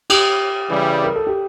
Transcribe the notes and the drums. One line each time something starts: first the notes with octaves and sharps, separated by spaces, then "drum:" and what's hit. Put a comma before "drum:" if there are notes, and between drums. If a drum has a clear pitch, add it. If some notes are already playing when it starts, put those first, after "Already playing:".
G4, drum: cymbal
C#3 E3 G3
A#4
A4
G4